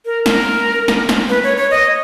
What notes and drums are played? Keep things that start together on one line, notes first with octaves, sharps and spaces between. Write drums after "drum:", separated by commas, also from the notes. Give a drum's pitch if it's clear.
A#4
A#4, drum: snare
drum: snare
drum: snare
B4
C#5
C#5
D#5